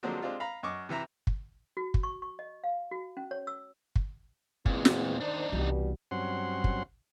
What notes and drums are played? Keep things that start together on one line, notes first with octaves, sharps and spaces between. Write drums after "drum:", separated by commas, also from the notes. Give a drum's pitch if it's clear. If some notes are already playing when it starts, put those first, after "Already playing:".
D3 F3 F#3 G#3 A#3 C4
G#3 C4 D4 F4 G4
F5 A#5 B5
F#2 D#5 C#6 D6
C3 E3 E5 A#5
drum: kick
F#4
drum: kick
C#6
C#6
D#5
F5
F#4
C#4
C#5
E6
drum: kick
E2 A#2 G#3 C4, drum: kick
drum: snare
D#3 D4 D#4 C5 D5
C2 B2 E3 G3
G2 F#3 C4 C#4 F#5 C6
drum: kick